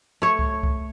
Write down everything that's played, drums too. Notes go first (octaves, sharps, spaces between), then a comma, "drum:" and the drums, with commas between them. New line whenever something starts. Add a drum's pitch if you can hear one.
A3 C#5
drum: kick C2
drum: kick C2